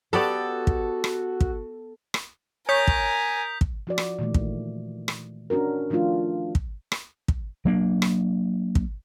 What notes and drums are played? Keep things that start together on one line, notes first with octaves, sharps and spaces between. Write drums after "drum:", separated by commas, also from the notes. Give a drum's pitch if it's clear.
B3 F#4 G4 A4 D5
drum: kick
drum: rim click
drum: kick
drum: rim click
A#4 C#5 G#5 D#6 G6 B6
drum: kick
drum: kick
F3 F#4 D5
drum: rim click
A#2 D#3 E3 A3
drum: kick
drum: rim click
C#4 D4 F#4 A#4
D#3 F3 A3 D4 F4
drum: kick
drum: rim click
drum: kick
F#3 A#3 D4
drum: rim click
drum: kick